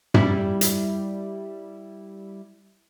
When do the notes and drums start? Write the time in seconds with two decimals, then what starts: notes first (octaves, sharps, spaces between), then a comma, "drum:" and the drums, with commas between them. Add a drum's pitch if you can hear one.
0.14 G3 E4, drum: tom
0.61 drum: hi-hat